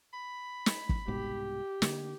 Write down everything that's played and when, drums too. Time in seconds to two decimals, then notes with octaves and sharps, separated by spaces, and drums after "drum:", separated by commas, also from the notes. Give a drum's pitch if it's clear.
0.14 B5
0.66 drum: snare
0.89 drum: kick G1
1.08 C2 G#2 B2 G4
1.82 D3 A#3, drum: snare